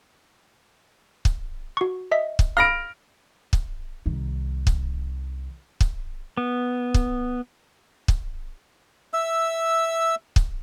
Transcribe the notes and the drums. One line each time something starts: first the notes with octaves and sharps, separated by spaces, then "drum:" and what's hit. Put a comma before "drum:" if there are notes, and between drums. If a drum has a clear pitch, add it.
drum: kick
F#4 C#6
D#5 E5 B6
drum: kick
F5 B5 F6 A#6 D7
drum: kick
C2 D#3
drum: kick
drum: kick
B3
drum: kick
drum: kick
E5 E6
drum: kick